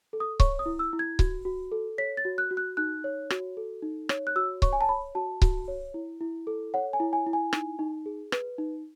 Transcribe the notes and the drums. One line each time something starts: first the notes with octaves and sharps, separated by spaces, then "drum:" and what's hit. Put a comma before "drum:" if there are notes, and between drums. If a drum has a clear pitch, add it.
A4
D#6
C#5 C#6, drum: kick C#1
D#6
E4
E6
E4
G#6
F#4, drum: kick C#1
F#4
A4
C#5 B6
A6
F#4
F#6
F#4
F#6
D#4 F#6
C#5
F#4, drum: rim click
A4
D#4
C#5, drum: rim click
F#6
F#4 E6
C#5 C#6, drum: kick C#1
G#5
A5
C#5 B5
F#4 A5
F#4, drum: kick C#1
C#5
E4
E4
A4
C#5 F#5
G#5
E4
G#5
E4
G#5
D#4, drum: rim click
D#4
G#4
B4, drum: rim click
D#4